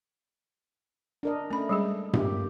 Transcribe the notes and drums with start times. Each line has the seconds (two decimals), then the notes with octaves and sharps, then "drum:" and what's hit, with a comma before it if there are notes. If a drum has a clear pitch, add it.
1.23 D4 A#4 D#5
1.51 A3 C#4 B5
1.69 G3 G#3 G#4
2.13 A#3 G4, drum: tom G2